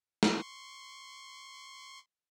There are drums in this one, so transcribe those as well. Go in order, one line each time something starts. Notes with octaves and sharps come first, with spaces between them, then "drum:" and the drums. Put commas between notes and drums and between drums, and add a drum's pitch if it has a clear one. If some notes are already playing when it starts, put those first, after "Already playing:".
C6 C#6, drum: snare